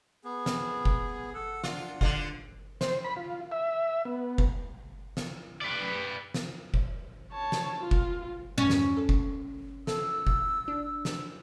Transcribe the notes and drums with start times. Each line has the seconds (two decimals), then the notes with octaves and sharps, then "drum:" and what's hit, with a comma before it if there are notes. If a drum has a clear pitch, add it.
0.24 B3 G#4
0.46 drum: snare
0.85 drum: kick
1.34 A4 F#5
1.64 D4 F4, drum: snare
2.01 D3 F4, drum: kick
2.81 C5, drum: snare
3.04 B5
3.16 F4
3.52 E5
4.05 B3
4.38 drum: kick
5.17 drum: snare
5.61 B4 D5
6.34 drum: snare
6.74 drum: kick
7.32 C#5 A5
7.52 drum: snare
7.80 F4
7.91 drum: kick
8.58 E2 G2 C#4
8.70 drum: snare
8.97 A4
9.09 drum: kick
9.87 A4 E6, drum: snare
10.27 drum: kick
10.68 D4
11.05 drum: snare